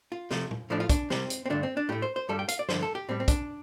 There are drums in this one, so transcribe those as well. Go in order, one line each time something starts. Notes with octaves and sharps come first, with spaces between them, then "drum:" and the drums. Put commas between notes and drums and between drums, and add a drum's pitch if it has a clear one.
F4
C3 F3 A3, drum: snare
drum: tom A#2
A2 F3 A3 D4
F4
D4, drum: kick, hi-hat
C3 G3 C4, drum: snare
drum: hi-hat
C4
G2 D3 A3 D4
C4
D4
A2 A3 G4
C5
C5
G2 G3 A4
G5
F5, drum: hi-hat
D5
G2 D3 F3 C5, drum: snare
A4
G4
A2 G3 C4
C4
D4, drum: kick, hi-hat